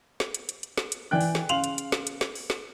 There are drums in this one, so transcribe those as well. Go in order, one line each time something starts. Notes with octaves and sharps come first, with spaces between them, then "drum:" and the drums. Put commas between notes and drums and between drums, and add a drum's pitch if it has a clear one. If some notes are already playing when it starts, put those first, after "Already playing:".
drum: snare
drum: hi-hat
drum: hi-hat
drum: hi-hat
drum: snare
drum: hi-hat
E3 D5 G5 F#6
drum: open hi-hat
drum: snare
C#3 F5 C6 F7 F#7, drum: hi-hat
drum: hi-hat
drum: hi-hat
drum: snare
drum: hi-hat
drum: snare
drum: open hi-hat
drum: snare